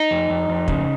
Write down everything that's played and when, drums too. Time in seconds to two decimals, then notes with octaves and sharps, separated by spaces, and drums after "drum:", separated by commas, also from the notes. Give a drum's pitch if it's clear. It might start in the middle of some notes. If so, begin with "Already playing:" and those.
Already playing: D#4
0.11 F2
0.30 F2
0.49 F2
0.68 C#3, drum: kick